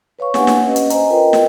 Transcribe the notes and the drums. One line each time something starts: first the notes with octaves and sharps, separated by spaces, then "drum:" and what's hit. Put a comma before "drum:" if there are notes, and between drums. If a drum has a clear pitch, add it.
B4 C#5 F5 C#6
A#3 D4 G4 B4 F#5 G#5, drum: snare
drum: snare
C#4 B4 D#5
drum: hi-hat
C5 D#5 G#5 A#5, drum: hi-hat
F4 A#4 B4 D#5 G5
drum: snare